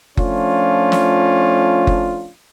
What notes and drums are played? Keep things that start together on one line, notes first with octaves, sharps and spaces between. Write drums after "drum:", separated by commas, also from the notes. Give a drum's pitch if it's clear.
F3 A3 C#4 D4 F4, drum: kick F#1
drum: snare
drum: kick F#1